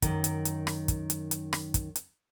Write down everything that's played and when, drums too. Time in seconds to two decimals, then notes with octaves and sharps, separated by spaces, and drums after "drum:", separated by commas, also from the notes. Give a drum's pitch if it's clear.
0.02 F#2 D#3, drum: kick, hi-hat
0.24 drum: hi-hat
0.45 drum: hi-hat
0.67 drum: rim click
0.88 drum: kick, hi-hat
1.10 drum: hi-hat
1.31 drum: hi-hat
1.53 drum: rim click
1.74 drum: kick, hi-hat
1.96 drum: hi-hat